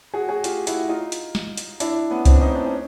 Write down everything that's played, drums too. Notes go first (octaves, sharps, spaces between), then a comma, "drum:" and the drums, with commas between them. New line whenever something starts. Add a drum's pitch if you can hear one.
F#4 G#4
F#4 G#4
F4 G4, drum: hi-hat
E4 F#4, drum: hi-hat
D#4 F4
drum: hi-hat
drum: snare
drum: hi-hat
D4 E4, drum: hi-hat
B3 C#4
C4 D4, drum: kick C2, hi-hat
D4
C#4 D#4
D4
C#4